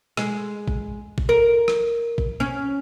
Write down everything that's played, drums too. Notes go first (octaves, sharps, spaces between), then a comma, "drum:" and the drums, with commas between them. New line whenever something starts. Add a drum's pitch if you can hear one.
G#3, drum: rim click
drum: kick A1
drum: kick A1
A#4
drum: rim click
drum: kick A1
C#4